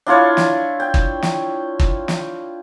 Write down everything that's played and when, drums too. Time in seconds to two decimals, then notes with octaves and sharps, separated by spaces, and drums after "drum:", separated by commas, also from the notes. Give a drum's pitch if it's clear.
0.07 D4 E4 F4 C#5
0.37 drum: snare
0.80 G5
0.94 drum: kick
1.22 drum: snare
1.80 drum: kick
2.08 drum: snare